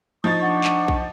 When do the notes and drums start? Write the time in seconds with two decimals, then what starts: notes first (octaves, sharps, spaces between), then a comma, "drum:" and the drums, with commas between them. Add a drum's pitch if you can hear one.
0.24 F3 D#4 C#6 D#6 A6
0.40 D4 F#5 C#6
0.64 drum: clap
0.88 drum: kick